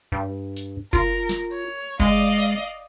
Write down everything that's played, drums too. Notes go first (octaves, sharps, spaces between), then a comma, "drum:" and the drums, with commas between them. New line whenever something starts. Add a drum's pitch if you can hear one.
G2
drum: hi-hat
F4 A#4, drum: kick F#1, hi-hat
drum: snare
C#5
G#3 D5 D#5 F5, drum: kick F#1, hi-hat
drum: hi-hat